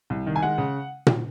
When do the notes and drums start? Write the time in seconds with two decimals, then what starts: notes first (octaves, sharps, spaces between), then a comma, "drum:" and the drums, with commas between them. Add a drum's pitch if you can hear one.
0.10 C2
0.27 D#3
0.36 G#5
0.43 G#3 F#5
0.58 C#3
1.07 drum: tom A#2